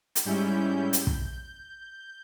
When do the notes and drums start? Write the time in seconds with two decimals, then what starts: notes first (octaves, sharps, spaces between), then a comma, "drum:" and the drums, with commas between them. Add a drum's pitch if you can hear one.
0.16 drum: hi-hat
0.25 G#2 G3 C#4 E4 G6
0.93 drum: hi-hat
1.07 drum: kick